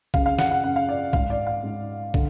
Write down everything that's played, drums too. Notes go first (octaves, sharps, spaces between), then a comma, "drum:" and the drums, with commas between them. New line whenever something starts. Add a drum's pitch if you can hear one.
F#2 C#3 F5, drum: kick
F5
F#5, drum: snare
F#5
F#2 C#3 F#5
F5
D5
G#2 F5, drum: kick
D5
F5
G#2
D3, drum: kick